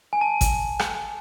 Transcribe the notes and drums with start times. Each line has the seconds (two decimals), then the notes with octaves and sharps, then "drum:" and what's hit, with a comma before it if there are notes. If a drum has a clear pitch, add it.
0.13 G#5
0.21 A5
0.41 drum: kick, hi-hat
0.79 drum: rim click